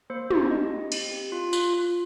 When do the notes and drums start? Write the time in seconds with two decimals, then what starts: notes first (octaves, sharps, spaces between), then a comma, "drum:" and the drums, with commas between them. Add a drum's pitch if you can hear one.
0.10 A#3 C5
0.30 A#3, drum: tom
0.50 G4 D#5
0.71 G4
0.92 C4, drum: cymbal
1.12 G4
1.32 F4
1.53 F4, drum: tambourine
1.74 F4